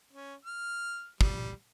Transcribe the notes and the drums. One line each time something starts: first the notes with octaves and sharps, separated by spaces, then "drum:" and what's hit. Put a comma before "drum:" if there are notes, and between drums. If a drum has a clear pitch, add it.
C#4
F6
G3, drum: kick